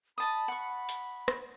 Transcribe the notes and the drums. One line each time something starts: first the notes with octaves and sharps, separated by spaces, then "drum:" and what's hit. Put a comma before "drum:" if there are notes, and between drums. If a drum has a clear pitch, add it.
D#5 A5 B5 D#6
F#5 C#6
drum: hi-hat
drum: rim click